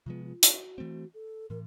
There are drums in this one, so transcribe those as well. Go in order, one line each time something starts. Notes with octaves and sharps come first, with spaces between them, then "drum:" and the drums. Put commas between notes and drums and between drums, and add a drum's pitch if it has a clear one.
C3 F3 G#3 B3 F4
F4
F#4, drum: hi-hat
E3 A3 C4
A4
A2 E3 A#4